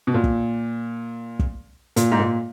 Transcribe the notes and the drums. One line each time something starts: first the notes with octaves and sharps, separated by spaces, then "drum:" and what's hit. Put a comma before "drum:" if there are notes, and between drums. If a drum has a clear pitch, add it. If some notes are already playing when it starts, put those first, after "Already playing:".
B2
A#2
drum: kick
drum: kick
A#2, drum: hi-hat
G#2
A#2